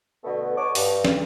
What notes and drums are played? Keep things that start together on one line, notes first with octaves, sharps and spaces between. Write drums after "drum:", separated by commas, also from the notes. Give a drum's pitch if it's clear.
B2 D3 A3 B3
C#5 D#5 F#5 A5 C#6 D6
G2, drum: open hi-hat
drum: snare